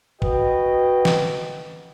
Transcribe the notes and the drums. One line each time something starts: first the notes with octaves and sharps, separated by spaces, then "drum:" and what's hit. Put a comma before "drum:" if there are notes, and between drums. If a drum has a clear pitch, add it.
F#4 B4 D#5 G5, drum: kick
drum: snare